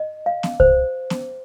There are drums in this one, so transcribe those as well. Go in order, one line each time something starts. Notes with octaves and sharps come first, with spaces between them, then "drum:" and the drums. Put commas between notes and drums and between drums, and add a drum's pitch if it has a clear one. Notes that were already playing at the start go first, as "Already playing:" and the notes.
Already playing: D#5
F5
drum: snare B3
C5, drum: kick C2
drum: snare B3